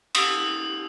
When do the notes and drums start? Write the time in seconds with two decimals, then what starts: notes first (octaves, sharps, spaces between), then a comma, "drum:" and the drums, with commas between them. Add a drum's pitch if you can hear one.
0.15 D#6 E6, drum: cymbal